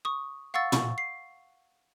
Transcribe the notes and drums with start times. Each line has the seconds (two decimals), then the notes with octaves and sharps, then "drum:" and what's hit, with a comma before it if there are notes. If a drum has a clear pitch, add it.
0.05 C#6 D#6
0.54 F5 F#5 C#6 E6 A6
0.72 C#6, drum: tom
0.98 C7